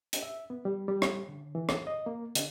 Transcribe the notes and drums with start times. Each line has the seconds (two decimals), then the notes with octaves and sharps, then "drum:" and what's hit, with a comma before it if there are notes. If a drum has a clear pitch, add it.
0.13 drum: hi-hat
0.23 E5
0.50 B3
0.65 G3
0.88 G3
1.02 drum: rim click
1.28 D3
1.55 E3
1.69 drum: rim click
1.87 D#5
2.06 A#3
2.35 D3, drum: hi-hat